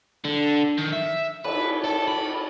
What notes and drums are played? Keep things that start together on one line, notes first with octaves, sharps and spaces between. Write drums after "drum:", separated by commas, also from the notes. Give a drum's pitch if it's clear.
D3
D#3
E5
B4, drum: cymbal
A4
B5